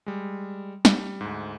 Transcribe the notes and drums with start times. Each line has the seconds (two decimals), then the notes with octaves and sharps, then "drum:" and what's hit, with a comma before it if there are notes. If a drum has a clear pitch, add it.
0.06 G3 G#3
0.85 G3, drum: snare
1.21 D2 G#2